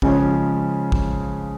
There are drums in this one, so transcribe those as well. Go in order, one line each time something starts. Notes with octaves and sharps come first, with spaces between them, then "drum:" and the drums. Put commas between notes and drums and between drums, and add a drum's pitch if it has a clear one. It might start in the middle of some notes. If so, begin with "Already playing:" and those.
C#3 F3 G#3 C#4, drum: kick
drum: kick